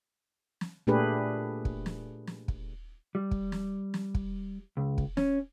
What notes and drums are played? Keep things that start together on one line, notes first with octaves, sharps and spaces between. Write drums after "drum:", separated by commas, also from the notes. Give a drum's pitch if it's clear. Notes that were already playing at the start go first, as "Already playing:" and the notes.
drum: snare
A#2 A3 D4 G4 G#4 B4
drum: kick
drum: snare
drum: snare
drum: kick
G3
drum: kick
drum: snare
drum: snare
drum: kick
C#2
drum: kick
C#4, drum: snare